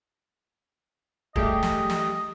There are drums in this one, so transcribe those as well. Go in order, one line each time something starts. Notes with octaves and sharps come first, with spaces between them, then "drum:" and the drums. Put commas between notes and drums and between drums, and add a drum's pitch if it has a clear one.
G3 A3 G4 G#4 D#5, drum: kick
drum: snare
drum: snare